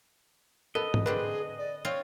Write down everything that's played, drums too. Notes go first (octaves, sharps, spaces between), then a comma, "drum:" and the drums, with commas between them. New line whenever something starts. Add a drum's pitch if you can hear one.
B3 A4 D#5
drum: tom G#2
D3 C4 D4 G#4 B4
D5
C4 F4 C#5